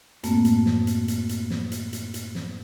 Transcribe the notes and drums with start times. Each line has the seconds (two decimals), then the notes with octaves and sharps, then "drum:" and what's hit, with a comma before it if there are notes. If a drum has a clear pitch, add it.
0.24 F#2 A2 A3 A#3 C4, drum: hi-hat
0.45 drum: hi-hat
0.66 drum: snare
0.87 drum: hi-hat
1.08 drum: hi-hat
1.29 drum: hi-hat
1.50 drum: snare
1.72 drum: hi-hat
1.93 drum: hi-hat
2.14 drum: hi-hat
2.35 drum: snare